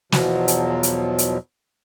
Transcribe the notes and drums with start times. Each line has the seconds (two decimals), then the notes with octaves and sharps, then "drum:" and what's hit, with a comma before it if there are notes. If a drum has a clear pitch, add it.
0.12 E2 B2 F3 F#3, drum: snare
0.48 drum: hi-hat
0.83 drum: hi-hat
1.18 drum: hi-hat